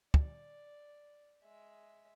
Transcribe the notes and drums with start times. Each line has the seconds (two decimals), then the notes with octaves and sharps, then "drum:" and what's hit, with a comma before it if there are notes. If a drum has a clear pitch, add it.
0.14 D5, drum: kick
1.43 G#3 E5